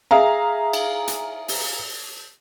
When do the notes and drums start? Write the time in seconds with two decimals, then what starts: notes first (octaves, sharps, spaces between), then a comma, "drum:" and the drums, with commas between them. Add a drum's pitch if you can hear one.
0.11 G#4 E5 F5 A#5
0.73 drum: cymbal
1.08 drum: hi-hat
1.48 drum: open hi-hat